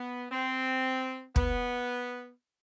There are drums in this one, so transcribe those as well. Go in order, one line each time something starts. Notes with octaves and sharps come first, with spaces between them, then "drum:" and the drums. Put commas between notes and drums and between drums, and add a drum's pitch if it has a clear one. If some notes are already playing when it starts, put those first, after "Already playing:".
Already playing: B3
C4
B3, drum: kick